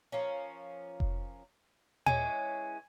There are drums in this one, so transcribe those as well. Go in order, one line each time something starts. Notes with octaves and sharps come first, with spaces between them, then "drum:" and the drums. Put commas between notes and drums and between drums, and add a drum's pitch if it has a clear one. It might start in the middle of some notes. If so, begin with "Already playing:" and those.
F3 A#3 C#4
drum: kick F1
E3 G#3 C#4 G#5, drum: tom A#2